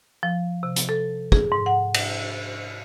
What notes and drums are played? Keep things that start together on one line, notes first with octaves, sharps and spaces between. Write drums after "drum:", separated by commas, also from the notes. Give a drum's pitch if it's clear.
F3
C3
drum: hi-hat
A4
G#4, drum: kick
G#2
F#5
drum: cymbal